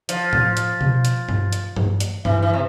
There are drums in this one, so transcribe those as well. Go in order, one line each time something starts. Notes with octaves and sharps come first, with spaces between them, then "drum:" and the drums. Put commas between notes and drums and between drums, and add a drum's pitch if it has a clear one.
F3, drum: hi-hat
drum: tom A2
drum: hi-hat
drum: tom B2
drum: hi-hat
drum: tom G2
drum: hi-hat
drum: tom G2
drum: hi-hat
E3, drum: tom G2
E3
C3